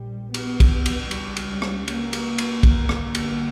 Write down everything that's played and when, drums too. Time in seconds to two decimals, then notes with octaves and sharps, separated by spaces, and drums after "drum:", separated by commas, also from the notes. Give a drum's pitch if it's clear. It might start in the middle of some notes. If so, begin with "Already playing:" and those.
Already playing: A#1 A#2 G3
0.34 B3, drum: cymbal
0.60 drum: kick, cymbal
0.86 drum: cymbal
1.11 C#2 C#3 G3, drum: cymbal
1.37 drum: cymbal
1.62 drum: rim click
1.88 A#3, drum: cymbal
2.13 drum: cymbal
2.38 drum: cymbal
2.63 G1 G2 A#3, drum: kick, cymbal
2.89 drum: rim click
3.15 drum: cymbal